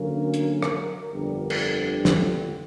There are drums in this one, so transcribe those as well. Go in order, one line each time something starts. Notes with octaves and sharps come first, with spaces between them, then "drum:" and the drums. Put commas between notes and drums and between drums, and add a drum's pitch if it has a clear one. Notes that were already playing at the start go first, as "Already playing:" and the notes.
Already playing: D2 D3 F#3 A#3 C#4 A#4
drum: hi-hat
drum: rim click
G1 F2 D3 G3
drum: cymbal
drum: snare